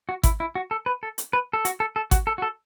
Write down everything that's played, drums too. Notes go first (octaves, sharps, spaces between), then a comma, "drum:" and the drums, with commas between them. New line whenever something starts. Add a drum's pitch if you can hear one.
F#4
E4, drum: kick G#1, hi-hat
E4
F#4
A4
B4
A4
drum: hi-hat
B4
A4
F#4, drum: hi-hat
A4
A4
F#4, drum: kick G#1, hi-hat
A4
F#4
A4